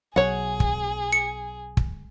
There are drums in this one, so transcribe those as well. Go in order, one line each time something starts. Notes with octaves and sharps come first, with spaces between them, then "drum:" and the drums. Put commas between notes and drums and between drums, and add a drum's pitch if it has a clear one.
B1 F#3 G#4 C#5 F#5
drum: kick
C#7
drum: kick